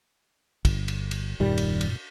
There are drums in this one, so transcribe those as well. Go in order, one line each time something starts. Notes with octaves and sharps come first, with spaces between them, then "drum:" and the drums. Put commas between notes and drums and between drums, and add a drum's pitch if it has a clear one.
G1, drum: kick, cymbal
drum: cymbal
drum: cymbal
D#1 F#2 A#2 D#3 G3
drum: cymbal
drum: cymbal